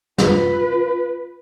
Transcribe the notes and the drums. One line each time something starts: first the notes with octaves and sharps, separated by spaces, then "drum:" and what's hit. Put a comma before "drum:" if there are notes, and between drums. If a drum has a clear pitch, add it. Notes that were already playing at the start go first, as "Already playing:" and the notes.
F4 B4, drum: snare